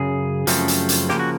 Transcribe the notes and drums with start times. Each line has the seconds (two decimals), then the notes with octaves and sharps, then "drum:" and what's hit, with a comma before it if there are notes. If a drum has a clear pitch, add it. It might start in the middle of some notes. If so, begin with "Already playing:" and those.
Already playing: F#2 C#3 G#4
0.47 F#2 C#3 F3 A3 C4, drum: hi-hat
0.68 drum: hi-hat
0.89 drum: hi-hat
1.09 C#3 F3 A#3 G4, drum: snare
1.20 F#4